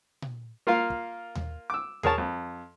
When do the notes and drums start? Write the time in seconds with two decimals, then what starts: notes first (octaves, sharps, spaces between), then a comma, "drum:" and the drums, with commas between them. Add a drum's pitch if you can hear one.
0.22 drum: tom A#2
0.67 A#3 F4 A#4 F5
0.90 drum: kick
1.35 drum: tom D#2
1.70 D6 E6
2.03 G#4 A#4 C#5 A5, drum: tom D#2
2.18 F2